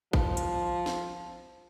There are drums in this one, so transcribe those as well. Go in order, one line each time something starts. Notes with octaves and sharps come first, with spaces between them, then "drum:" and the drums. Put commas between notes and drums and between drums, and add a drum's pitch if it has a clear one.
F3, drum: kick G#1
drum: hi-hat
drum: snare